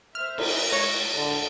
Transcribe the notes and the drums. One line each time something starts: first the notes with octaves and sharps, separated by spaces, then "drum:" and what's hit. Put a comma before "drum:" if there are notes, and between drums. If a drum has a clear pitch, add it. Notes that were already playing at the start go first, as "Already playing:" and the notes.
C5 E5 F6
drum: cymbal
G#3 C#5 A#6
D3 A4